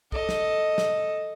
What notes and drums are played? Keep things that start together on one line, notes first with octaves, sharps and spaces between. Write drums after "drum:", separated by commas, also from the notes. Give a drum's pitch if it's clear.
A4 D#5, drum: kick
drum: snare
drum: snare